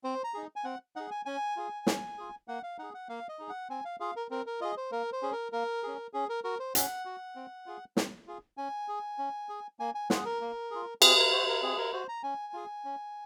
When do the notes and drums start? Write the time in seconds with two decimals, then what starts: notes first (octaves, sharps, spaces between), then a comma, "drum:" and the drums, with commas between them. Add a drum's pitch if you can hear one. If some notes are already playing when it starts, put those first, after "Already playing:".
0.04 C4 C5
0.24 A#5
0.34 D#4 G#4
0.56 G#5
0.64 C4 F#5
0.96 D#4 G#4 F#5
1.11 G#5
1.26 C#4 G#5
1.57 F4 G#4
1.87 C#4, drum: snare
2.18 F4 G#4
2.48 A#3 F#5
2.63 F5
2.79 D#4 G#4 F#5
2.94 F#5
3.09 A#3 F5
3.29 D#5
3.39 D#4 G#4
3.50 F#5
3.70 C4 G#5
3.85 F5
4.00 F4 G#4 F5
4.16 A#4
4.31 C4 A#4
4.46 A#4
4.61 F4 G#4 D#5
4.77 C5
4.92 A#3 A#4
5.12 C5
5.22 C#4 G#4
5.32 A#4
5.52 A#3 A#4
5.83 C#4 G#4
6.13 C#4 G#4
6.29 A#4
6.44 F#4 A#4
6.59 C5
6.75 C#4 F#5, drum: hi-hat
7.05 F#4
7.36 C4
7.66 F4 G#4
7.97 C4, drum: snare
8.27 F4 G#4
8.57 C#4 G#5
8.88 G#4
9.18 C#4
9.49 G#4
9.79 A#3 G#5
9.95 G#5
10.10 F4 G#4 F#5, drum: snare
10.25 A#4
10.41 A#3
10.71 F4 G#4
11.02 C4 G#4, drum: cymbal
11.17 A#4
11.32 F#4 C5
11.47 A#4
11.62 C4 G#4
11.78 A#4
11.93 F#4 C5
12.08 A#5
12.23 C#4 G#5
12.53 F4 G#4
12.85 C#4